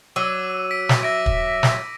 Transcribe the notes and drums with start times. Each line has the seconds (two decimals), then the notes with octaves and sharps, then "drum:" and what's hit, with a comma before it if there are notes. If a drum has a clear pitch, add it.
0.16 F#3 D6 E6 D#7
0.71 B6 D7
0.89 drum: snare
1.03 E5 A#6 D7
1.26 drum: kick
1.63 drum: snare